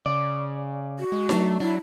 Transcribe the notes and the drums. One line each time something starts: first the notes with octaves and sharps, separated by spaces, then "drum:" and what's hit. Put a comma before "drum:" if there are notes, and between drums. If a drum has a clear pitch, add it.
C#3 D5
F#4
G#3
F#3 A3 D4, drum: snare D#4
F#3 D4 E4